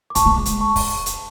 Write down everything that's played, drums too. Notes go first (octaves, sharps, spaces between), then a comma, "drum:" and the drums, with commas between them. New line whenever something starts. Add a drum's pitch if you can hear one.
D6
G#3 A5 C#6, drum: hi-hat
A3
G#3
drum: hi-hat
A5 C#6
drum: kick, open hi-hat
drum: hi-hat